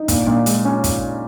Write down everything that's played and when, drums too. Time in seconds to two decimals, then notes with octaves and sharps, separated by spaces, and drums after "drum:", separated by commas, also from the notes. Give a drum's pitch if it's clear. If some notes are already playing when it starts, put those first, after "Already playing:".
Already playing: D#4
0.08 A#2, drum: kick, hi-hat
0.27 A#2
0.46 G#3, drum: hi-hat
0.65 C#4
0.84 drum: kick, hi-hat